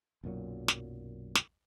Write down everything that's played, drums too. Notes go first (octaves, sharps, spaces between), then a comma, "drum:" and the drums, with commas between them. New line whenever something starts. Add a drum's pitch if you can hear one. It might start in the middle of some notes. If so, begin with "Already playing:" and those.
B1 F#2 A#2 F#3
drum: snare
drum: snare